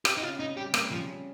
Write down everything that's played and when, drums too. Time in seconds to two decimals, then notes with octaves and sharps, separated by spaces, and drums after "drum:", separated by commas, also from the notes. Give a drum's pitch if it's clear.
0.05 C4 G4, drum: rim click
0.17 D#4
0.23 C#3 F4
0.39 C#3 D#4
0.57 G3 G4
0.74 A#3 C4, drum: rim click
0.91 C#3 F3
1.08 C#3